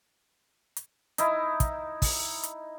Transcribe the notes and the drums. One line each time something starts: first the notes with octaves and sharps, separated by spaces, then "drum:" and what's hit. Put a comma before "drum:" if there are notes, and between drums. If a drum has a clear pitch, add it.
drum: hi-hat
D#4 E4, drum: hi-hat
drum: kick, hi-hat
drum: kick, open hi-hat
drum: hi-hat